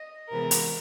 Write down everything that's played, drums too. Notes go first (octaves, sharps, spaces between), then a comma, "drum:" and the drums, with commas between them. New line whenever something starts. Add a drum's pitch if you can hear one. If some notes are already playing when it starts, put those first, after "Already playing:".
Already playing: D#5
C3 E3 G#3 B3 A#4
drum: hi-hat